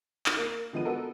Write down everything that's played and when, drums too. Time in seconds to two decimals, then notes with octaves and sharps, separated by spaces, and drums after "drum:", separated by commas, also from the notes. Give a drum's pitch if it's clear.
0.26 drum: clap
0.37 A#3
0.73 D3 F3 G#3 B3 D#7
0.85 B3 F#4 A4 A#4